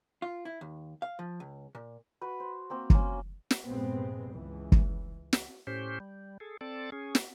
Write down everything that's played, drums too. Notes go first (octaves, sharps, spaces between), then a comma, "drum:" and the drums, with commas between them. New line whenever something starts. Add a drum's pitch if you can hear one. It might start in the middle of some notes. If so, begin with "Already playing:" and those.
F4
E4
D#2
F5
F3
C#2
A#2
F#4 B4
C5
A#3 C4 F#4
A#3 C#4, drum: kick
drum: snare
A#1 G2 C3 G#3 B3 C4
C#2 E3
drum: kick
drum: snare
A2 C#4 G4 C5
G3
G#4 A4
C4 A4 D5 A5
C#4 G#4
drum: snare